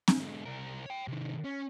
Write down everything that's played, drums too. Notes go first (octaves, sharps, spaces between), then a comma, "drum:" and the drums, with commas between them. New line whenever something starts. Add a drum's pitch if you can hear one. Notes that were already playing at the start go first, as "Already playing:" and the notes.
drum: snare C4
G#2 D3
C2 A#4
C#5 G5
C3 D#3
C#4